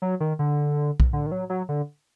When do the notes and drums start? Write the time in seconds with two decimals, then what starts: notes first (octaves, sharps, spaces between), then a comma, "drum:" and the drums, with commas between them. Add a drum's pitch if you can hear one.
0.02 F#3
0.20 D#3
0.39 D3
1.00 drum: kick B1
1.13 D3
1.26 D#3
1.32 F#3
1.50 F#3
1.69 D3